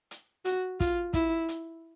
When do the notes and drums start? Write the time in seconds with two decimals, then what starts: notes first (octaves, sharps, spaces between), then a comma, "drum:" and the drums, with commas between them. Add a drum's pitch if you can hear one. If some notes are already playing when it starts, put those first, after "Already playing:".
0.11 drum: hi-hat
0.45 F#4, drum: hi-hat
0.80 F4, drum: kick, hi-hat
1.14 E4, drum: kick, hi-hat
1.49 drum: hi-hat